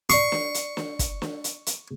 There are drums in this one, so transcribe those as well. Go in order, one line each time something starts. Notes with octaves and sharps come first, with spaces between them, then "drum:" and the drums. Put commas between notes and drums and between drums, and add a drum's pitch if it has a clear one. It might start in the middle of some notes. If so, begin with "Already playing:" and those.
D5 C#6 C7, drum: hi-hat
drum: snare
drum: hi-hat
drum: snare
drum: kick, hi-hat
drum: snare
drum: hi-hat
drum: hi-hat